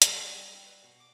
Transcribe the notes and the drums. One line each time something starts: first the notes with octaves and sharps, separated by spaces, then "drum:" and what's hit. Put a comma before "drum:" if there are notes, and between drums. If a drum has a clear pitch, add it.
G3, drum: hi-hat
F#4
G3
E4
B4
B2
D6